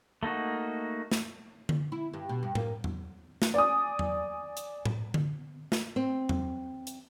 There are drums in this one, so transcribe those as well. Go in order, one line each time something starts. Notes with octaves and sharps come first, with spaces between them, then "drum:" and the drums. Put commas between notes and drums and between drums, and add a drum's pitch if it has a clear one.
A3 A#3 D#4 F#4
drum: snare
drum: tom D3
E4
G2
B2
G2
A#3, drum: tom A2
drum: tom E2
drum: snare
D5 G#5 D#6
drum: tom E2
drum: hi-hat
drum: tom A2
drum: tom D3
drum: snare
C4
drum: tom E2
drum: hi-hat